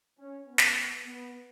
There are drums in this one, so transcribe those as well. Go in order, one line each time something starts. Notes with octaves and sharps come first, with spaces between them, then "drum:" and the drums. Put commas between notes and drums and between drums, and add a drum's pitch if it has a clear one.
C#4
B3
drum: snare
B3